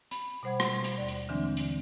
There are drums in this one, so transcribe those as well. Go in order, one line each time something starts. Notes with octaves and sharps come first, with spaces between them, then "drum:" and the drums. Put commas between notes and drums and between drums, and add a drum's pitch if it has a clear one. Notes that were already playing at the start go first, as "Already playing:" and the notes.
B5, drum: hi-hat
B2 G3 C5 F#5 G#6
drum: rim click
drum: hi-hat
D#2 D5
drum: hi-hat
D3 E3 F#3 G#3 C4 D4
drum: hi-hat